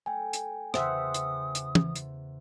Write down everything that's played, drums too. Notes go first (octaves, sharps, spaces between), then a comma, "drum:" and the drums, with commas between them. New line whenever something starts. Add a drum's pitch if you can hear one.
A3 G5 G#5
drum: hi-hat
E2 C#3 C5 E5 F#5 D#6, drum: rim click
drum: hi-hat
drum: hi-hat
drum: tom
drum: hi-hat